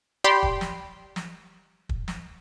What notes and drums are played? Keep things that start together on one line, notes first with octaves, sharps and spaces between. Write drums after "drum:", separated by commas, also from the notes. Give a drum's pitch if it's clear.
G4 D5 G5 B5 C6
drum: kick
drum: snare
drum: snare
drum: kick
drum: snare